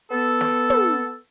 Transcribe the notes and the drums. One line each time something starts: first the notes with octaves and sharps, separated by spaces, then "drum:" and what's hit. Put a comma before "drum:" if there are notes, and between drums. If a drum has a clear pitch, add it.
B3 A4
drum: snare
drum: tom